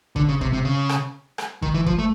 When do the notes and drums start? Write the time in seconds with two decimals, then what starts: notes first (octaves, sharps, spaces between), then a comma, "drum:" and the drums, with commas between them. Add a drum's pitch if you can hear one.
0.16 D3, drum: kick
0.29 C#3
0.41 C3, drum: kick
0.53 C3
0.65 C#3
0.89 drum: rim click
1.38 drum: rim click
1.62 D#3, drum: kick
1.74 E3
1.86 F3, drum: kick
1.99 A3